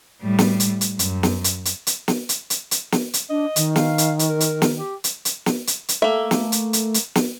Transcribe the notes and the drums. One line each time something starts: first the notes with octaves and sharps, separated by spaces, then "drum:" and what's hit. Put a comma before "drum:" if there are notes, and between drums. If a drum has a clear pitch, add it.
A2 G3
drum: snare
drum: hi-hat
drum: hi-hat
F#2, drum: hi-hat
drum: snare
drum: hi-hat
drum: hi-hat
drum: hi-hat
drum: snare
drum: hi-hat
drum: hi-hat
drum: hi-hat
drum: snare
drum: hi-hat
D4 D#5
D#3, drum: hi-hat
F5, drum: snare
drum: hi-hat
drum: hi-hat
A#4
drum: hi-hat
drum: snare
G4
drum: hi-hat
drum: hi-hat
drum: snare
drum: hi-hat
drum: hi-hat
A3 A#3 E5
drum: snare
drum: hi-hat
drum: hi-hat
drum: hi-hat
drum: snare